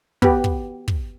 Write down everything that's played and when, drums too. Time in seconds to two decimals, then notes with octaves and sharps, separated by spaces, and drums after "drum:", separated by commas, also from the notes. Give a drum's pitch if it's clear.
0.22 B3 G4, drum: kick
0.44 drum: kick
0.88 drum: kick